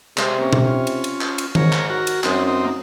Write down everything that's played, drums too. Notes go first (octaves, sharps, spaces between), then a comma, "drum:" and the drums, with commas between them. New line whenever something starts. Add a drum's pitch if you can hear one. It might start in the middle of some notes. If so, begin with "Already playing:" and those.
C3 G#3 C4, drum: clap
A#3 C#4
drum: tom B2
C#4 F4
drum: cymbal
drum: cymbal
drum: clap
drum: cymbal
G#2 A#4 C#5, drum: tom D#3
drum: clap
F#4 A#4
drum: cymbal
F#2 C4 D#4, drum: clap
C4 D#4
A#3